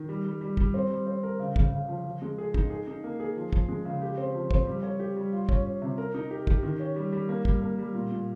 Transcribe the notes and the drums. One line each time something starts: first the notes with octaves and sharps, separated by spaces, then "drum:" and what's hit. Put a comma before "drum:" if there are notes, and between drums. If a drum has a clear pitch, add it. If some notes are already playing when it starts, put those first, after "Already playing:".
Already playing: D#3
G3
G3
G3
G3, drum: kick
C4
G3
C4
A#4
C#3
C#3, drum: kick
C#3
F3
F3
G#3
G#4
D#4, drum: kick
G#4
D#4
A#3
G#4
F3
F3, drum: kick
G#3
C#3
G4
C4
F3
C4, drum: kick
G3
C#5
G4
G3
F4
C#4, drum: kick
C#4
C3
A#4
D#4
G4
G4, drum: kick
D#3
C#4
G3
G3
A#3
G3, drum: kick
A#3
G3
A#2
A#2